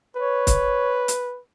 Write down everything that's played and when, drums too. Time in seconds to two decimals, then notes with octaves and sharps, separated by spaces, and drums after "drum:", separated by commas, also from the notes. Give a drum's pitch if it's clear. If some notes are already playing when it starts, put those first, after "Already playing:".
0.16 B4 C#5
0.47 drum: kick, hi-hat
1.08 drum: hi-hat